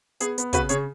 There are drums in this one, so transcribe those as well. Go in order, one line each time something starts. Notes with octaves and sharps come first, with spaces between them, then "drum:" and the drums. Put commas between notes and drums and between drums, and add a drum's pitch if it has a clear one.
B3 G#4, drum: hi-hat
B3, drum: hi-hat
C#3 F#4 B4, drum: kick, hi-hat
C#3 G#4 C#5, drum: hi-hat